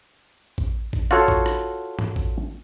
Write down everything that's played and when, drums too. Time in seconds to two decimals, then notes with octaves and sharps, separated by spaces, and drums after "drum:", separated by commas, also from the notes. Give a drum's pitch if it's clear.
0.58 drum: kick A1
0.93 drum: kick A1
1.11 F4 F#4 A4 C#5, drum: rim click
1.28 drum: kick A1
1.46 drum: rim click
1.99 drum: tom G#2
2.16 drum: kick A1